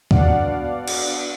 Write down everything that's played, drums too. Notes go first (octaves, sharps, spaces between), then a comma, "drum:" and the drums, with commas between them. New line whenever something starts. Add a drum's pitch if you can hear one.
B3 D4 F#4 D5 F5 F#5, drum: kick D2
drum: cymbal